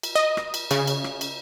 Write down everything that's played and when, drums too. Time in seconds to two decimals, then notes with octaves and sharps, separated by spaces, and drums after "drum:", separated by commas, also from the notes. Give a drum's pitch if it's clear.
0.03 drum: cymbal
0.15 D#5
0.37 drum: rim click
0.54 drum: cymbal
0.71 C#3, drum: cymbal
0.87 drum: cymbal
1.04 drum: rim click
1.21 drum: cymbal